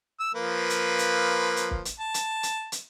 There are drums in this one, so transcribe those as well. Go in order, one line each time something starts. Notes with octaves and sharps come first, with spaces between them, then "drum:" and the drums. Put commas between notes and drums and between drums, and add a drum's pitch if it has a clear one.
E6
F3 A#3 B4
drum: hi-hat
drum: hi-hat
drum: hi-hat
drum: kick
drum: hi-hat
A5
drum: hi-hat
drum: hi-hat
drum: hi-hat